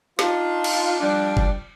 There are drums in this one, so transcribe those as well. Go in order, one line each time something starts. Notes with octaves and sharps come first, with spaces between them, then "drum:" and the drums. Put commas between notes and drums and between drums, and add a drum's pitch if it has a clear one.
D4 D#4 F4, drum: snare
drum: cymbal
F3 G3 D4
drum: kick F#1